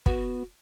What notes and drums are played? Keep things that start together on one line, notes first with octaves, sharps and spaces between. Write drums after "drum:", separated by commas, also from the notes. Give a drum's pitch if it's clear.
B3 F#4, drum: kick